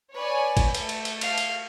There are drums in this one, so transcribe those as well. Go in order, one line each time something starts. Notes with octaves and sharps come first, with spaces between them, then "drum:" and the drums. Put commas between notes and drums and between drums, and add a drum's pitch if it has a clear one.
B4 C#5 D5 G#5
drum: kick G#1, cymbal
A3, drum: cymbal
drum: cymbal
drum: cymbal
F5, drum: cymbal
drum: cymbal